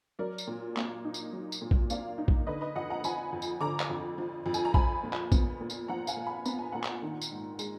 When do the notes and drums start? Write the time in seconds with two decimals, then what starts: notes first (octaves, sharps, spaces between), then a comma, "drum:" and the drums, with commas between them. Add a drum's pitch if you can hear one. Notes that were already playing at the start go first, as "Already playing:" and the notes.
0.19 F#3 A#4 D5
0.38 drum: tambourine
0.47 A#2
0.77 A#3, drum: clap
1.05 D#4
1.14 drum: tambourine
1.33 F#3
1.52 drum: tambourine
1.62 A#2
1.71 drum: kick A#1
1.90 A#3 D5 F5, drum: tambourine
2.18 D#4
2.28 drum: kick A#1
2.47 D3 B4 D#5
2.61 B4 D#5
2.75 F2 D#5 F#5
2.90 F#5 A#5
3.04 F3 G#5 B5, drum: tambourine
3.32 F2
3.42 drum: tambourine
3.60 D3 A#5 D6
3.80 drum: clap
3.90 F2
4.18 F3
4.46 F2
4.54 G#5, drum: tambourine
4.65 A#5
4.74 F3 G#5 B5, drum: kick A#1
5.03 A#2
5.13 drum: clap
5.32 B3, drum: kick A#1, tambourine
5.61 A#2
5.70 drum: tambourine
5.88 F3 F#5 A#5
6.07 F5 G#5, drum: tambourine
6.17 A#2
6.26 G#5 B5
6.46 B3 A#5, drum: tambourine
6.58 G#5
6.72 A#2 F#5 A#5
6.84 drum: clap
7.02 D#3
7.21 drum: tambourine
7.31 G#2
7.59 G#3, drum: tambourine